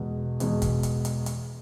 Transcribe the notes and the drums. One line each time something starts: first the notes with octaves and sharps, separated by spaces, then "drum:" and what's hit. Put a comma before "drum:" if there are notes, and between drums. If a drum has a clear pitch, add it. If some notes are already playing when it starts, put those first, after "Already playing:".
Already playing: E2 B2 G#3
E2 B2 G#3, drum: hi-hat
drum: kick, hi-hat
drum: hi-hat
drum: hi-hat
drum: hi-hat